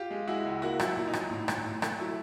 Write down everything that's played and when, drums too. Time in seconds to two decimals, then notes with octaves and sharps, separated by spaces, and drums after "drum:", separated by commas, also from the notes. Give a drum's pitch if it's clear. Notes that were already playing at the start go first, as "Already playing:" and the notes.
Already playing: F4 G4
0.11 G#3
0.27 G#3 E4 F#4
0.45 C#2
0.62 A#3 E4 F#4
0.80 F#3, drum: rim click
0.85 E4
0.96 A#2
1.07 D#4
1.13 F#3, drum: rim click
1.31 A2
1.48 A2, drum: rim click
1.65 A2
1.82 A3, drum: rim click
1.99 F#3 E4